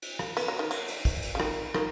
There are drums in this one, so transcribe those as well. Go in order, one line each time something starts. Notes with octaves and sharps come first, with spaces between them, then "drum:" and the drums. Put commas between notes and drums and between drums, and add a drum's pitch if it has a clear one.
drum: cymbal
drum: rim click
B3, drum: cymbal
F#3
D#3
F#3, drum: cymbal
drum: cymbal
drum: kick, cymbal
drum: cymbal
C#3
D#3, drum: rim click
D#3, drum: rim click